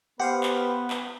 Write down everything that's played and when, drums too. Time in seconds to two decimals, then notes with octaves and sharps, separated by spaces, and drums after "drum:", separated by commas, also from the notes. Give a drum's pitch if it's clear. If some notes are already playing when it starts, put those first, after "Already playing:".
0.20 B3 G4 B4 C5 F5 F#5
0.43 drum: clap
0.90 drum: clap